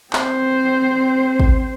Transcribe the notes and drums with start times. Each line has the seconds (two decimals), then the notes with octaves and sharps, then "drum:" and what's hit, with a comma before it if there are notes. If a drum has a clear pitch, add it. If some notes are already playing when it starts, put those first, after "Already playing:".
0.13 C4 C5, drum: clap
1.40 drum: kick